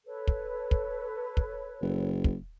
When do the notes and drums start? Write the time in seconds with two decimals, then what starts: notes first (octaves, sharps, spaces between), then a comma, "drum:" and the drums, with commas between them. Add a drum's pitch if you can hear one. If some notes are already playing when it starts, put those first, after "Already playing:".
0.06 A4 B4 C#5
0.27 drum: kick
0.71 drum: kick
1.37 drum: kick
1.82 F#1
2.24 drum: kick